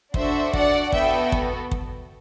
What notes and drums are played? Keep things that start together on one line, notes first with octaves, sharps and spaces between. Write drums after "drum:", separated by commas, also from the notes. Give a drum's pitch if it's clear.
D4 F#4 A4 C5 E5, drum: kick
D5 F#5, drum: kick
B3 F#4 A4 E5 G5, drum: kick
drum: kick
drum: kick